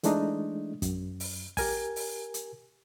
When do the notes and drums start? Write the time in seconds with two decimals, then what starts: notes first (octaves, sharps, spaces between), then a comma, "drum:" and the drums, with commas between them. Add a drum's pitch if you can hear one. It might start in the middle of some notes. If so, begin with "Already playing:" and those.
0.03 E3 G#3 A3 D4 D#4, drum: hi-hat
0.82 F#2, drum: kick, hi-hat
1.20 drum: open hi-hat
1.57 G4 A#4 G#5, drum: kick, open hi-hat
1.96 drum: open hi-hat
2.34 drum: hi-hat